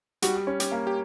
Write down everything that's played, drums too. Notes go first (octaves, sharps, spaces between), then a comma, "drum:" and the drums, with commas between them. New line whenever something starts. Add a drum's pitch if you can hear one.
G3 F#4, drum: hi-hat
C#4
G4, drum: hi-hat
A#3
G4